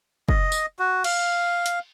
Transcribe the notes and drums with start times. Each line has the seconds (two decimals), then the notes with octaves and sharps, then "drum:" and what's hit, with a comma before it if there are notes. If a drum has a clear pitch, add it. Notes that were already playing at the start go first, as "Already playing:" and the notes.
0.29 D#5, drum: kick
0.52 drum: tambourine
0.79 F#4
1.04 F5, drum: cymbal
1.66 drum: hi-hat